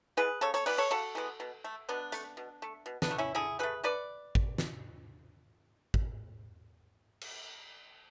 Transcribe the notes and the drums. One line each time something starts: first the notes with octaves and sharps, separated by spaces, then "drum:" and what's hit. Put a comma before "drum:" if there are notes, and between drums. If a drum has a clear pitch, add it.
E3 G#3 B3 G#4 B4
C#3 A4 C#5
A4 C#5, drum: hi-hat
E3 G#3 B3 B4 D5, drum: cymbal
A4 C#5
C#3 F#4 A4
E3 G#3 B3
B2
A3
B2 B3 D4
A3, drum: hi-hat
B2
A3
B2
B3 D4, drum: snare
A3
C#4 E4
D3 E4 G#4
F#3 A3 G#4 B4
D3 B4 D5
drum: kick G#1
drum: snare
drum: kick G#1
drum: cymbal